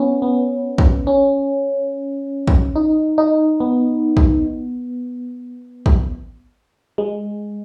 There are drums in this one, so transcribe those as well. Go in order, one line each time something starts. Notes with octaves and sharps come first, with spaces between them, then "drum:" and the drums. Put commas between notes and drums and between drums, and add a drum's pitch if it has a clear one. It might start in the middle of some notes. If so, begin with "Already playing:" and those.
Already playing: B3 C#4
B3
drum: kick
C#4
drum: kick
D#4
D#4
B3
drum: kick
drum: kick
G#3